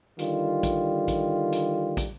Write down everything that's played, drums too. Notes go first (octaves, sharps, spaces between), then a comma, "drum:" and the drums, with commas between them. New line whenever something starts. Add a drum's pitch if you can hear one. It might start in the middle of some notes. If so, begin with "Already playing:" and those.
D3 D#3 G3 F4, drum: hi-hat
drum: kick, hi-hat
drum: kick, hi-hat
drum: hi-hat
drum: kick, hi-hat